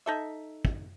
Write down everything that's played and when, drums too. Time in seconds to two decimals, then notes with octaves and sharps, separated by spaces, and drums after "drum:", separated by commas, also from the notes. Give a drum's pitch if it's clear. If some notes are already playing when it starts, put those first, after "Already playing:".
0.06 D#4 A4 E5
0.65 drum: kick